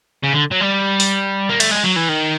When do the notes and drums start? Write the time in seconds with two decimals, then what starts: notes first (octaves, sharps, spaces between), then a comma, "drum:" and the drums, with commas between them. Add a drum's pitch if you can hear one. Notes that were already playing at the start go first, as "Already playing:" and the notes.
0.23 C#3
0.33 D3
0.51 F#3
0.60 G3
1.00 drum: open hi-hat
1.50 A#3
1.60 A3, drum: cymbal
1.71 G#3
1.84 F#3
1.96 E3
2.09 D#3